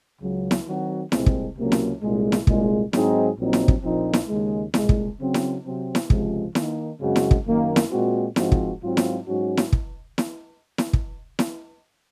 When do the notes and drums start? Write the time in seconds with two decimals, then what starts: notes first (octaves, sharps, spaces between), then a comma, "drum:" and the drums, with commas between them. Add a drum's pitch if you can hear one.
0.21 C#2 C#3 F#3
0.51 drum: snare E4
0.65 D#3 F#3 C4 F#4
1.12 C2 A#2 G#3 C4, drum: snare E4
1.26 drum: kick
1.57 C#2 C3 F#3 A#3 C#4
1.72 drum: snare E4
2.01 C2 A#2 G#3
2.32 drum: snare E4
2.47 C2 A#2 G#3, drum: kick
2.93 G#2 F#3 C4 D#4 G#4, drum: snare E4
3.38 A#1 A#2 F#3 C4 D#4
3.53 drum: snare E4
3.68 drum: kick
3.83 A#1 A#2 F3 C4 D#4
4.13 drum: snare E4
4.29 D#2 C#3 G#3
4.74 C2 A#2 G#3, drum: snare E4
4.89 drum: kick
5.19 C#3 F#3 C4
5.34 drum: snare E4
5.64 C3 F#3 C4
5.95 drum: snare E4
6.10 C#2 C3 F3 G#3, drum: kick
6.55 D#3 A#3 D#4, drum: snare E4
7.01 F#2 C#3 G#3 C4 F#4
7.16 drum: snare E4
7.31 drum: kick
7.46 F#2 D#3 A#3
7.76 drum: snare E4
7.91 A#2 G#3 C4 F#4
8.36 G#2 F3 G#3 C4 F#4, drum: snare E4
8.52 drum: kick
8.81 G#2 F#3 C4 F4
8.97 drum: snare E4
9.27 G#2 F#3 C#4 F#4
9.57 drum: snare E4
9.73 drum: kick
10.18 drum: snare E4
10.78 drum: snare E4
10.93 drum: kick
11.39 drum: snare E4